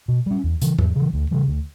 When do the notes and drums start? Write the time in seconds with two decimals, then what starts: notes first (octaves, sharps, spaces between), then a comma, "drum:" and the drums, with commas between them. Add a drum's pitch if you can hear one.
0.08 B2
0.26 G3 C#4
0.44 E2
0.61 C#3 E3, drum: hi-hat
0.79 E2, drum: tom G#2
0.96 C#3 E3
1.14 D2
1.31 C#3 E3 G3
1.48 D2